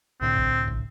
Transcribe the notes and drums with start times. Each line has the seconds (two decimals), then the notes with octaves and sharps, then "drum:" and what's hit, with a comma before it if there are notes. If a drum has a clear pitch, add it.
0.21 C2 A2 D3 C4
0.37 drum: kick
0.68 drum: kick